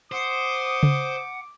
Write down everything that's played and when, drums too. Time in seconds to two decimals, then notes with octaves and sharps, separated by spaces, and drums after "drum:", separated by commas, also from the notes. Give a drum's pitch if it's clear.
0.12 C5 F#5 D6 D#6
0.83 drum: tom C#3